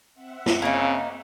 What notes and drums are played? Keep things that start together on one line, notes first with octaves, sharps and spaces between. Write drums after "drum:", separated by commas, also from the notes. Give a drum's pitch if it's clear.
C4 E5 F#5
drum: snare
C#3 A#3 D#4